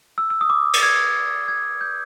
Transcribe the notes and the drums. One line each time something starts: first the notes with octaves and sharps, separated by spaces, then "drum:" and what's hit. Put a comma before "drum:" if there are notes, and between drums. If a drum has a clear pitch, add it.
E6
E6
D#6
D6
drum: cymbal
G#6
G#6
G6